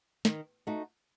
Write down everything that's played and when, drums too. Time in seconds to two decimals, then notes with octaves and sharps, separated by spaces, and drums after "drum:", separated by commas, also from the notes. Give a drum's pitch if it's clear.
0.25 D#3, drum: snare
0.67 A3 D#4 F#4